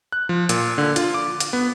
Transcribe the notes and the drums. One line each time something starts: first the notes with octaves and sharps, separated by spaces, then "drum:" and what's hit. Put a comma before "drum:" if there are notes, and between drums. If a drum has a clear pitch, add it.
F#6
F3
A#2, drum: hi-hat
D3
F4, drum: hi-hat
D6
drum: hi-hat
B3